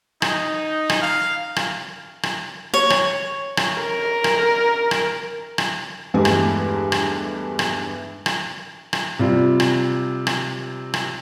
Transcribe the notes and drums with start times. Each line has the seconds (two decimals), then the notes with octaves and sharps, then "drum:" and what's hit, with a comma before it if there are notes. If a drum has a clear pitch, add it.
0.22 D#4, drum: rim click
0.90 drum: rim click
1.02 F5
1.56 drum: rim click
2.23 drum: rim click
2.74 C#5
2.90 drum: rim click
3.57 drum: rim click
3.80 A#4
4.24 drum: rim click
4.91 drum: rim click
5.58 drum: rim click
6.14 E2 G2 E3 G#3 A3 G#5
6.25 drum: rim click
6.92 drum: rim click
7.59 drum: rim click
8.26 drum: rim click
8.93 drum: rim click
9.19 C3 G3 F4
9.60 drum: rim click
10.27 drum: rim click
10.94 drum: rim click